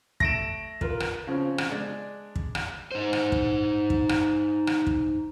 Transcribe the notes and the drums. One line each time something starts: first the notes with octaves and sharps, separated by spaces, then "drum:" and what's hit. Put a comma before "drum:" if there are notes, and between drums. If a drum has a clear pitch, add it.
A3 A#6 D7 E7, drum: kick
F4 A#4 B4, drum: kick
drum: rim click
C#3 F3 C4
drum: rim click
G#3 D4
drum: kick
drum: rim click
D#4 C5
drum: rim click
drum: kick
drum: kick
drum: rim click
drum: rim click
drum: kick